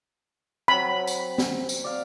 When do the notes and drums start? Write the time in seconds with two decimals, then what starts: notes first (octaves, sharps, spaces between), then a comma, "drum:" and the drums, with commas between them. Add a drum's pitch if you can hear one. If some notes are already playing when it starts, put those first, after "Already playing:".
0.68 F#3 C4 B5
1.07 drum: tambourine
1.38 drum: snare
1.69 drum: tambourine
1.84 D5 F5